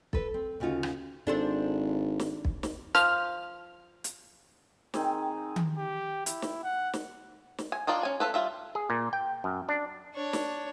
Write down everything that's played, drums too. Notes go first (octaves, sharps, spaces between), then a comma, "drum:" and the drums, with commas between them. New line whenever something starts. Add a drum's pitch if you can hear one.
A4 B4, drum: kick
C4
D2 C#3 D#4 F4 F#4
drum: rim click
G#1 D4 A4 C5
drum: snare
drum: kick
drum: snare
F3 F6
drum: hi-hat
D#3 C4 G#4, drum: snare
drum: tom D#3
G4
E4, drum: hi-hat
drum: snare
F#5
drum: snare
drum: snare
G#5
D4 D#4 F4 D5
C#4 G#5
F4 A4 B4
G3 F4 E5
G#4
A#2
G5
F#2
D4
D4 C#5
drum: snare